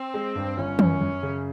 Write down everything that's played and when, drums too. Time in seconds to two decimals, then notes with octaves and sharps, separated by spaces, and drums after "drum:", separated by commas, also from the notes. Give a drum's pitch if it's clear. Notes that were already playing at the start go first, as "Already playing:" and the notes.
Already playing: C4
0.14 G#3
0.35 G2
0.57 G1 C#4
0.79 F#2, drum: tom
1.01 F#2
1.23 C#3